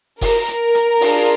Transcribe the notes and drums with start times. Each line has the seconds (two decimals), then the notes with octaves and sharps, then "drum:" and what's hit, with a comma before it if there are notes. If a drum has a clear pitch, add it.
0.21 A#4, drum: kick F1, open hi-hat
0.48 drum: hi-hat
0.75 drum: hi-hat
1.01 D4 F4 G#4, drum: open hi-hat